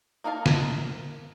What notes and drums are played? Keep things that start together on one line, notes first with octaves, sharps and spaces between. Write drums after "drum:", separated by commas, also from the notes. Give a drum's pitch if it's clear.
A#3 D#4 A#4 F5 A5
drum: snare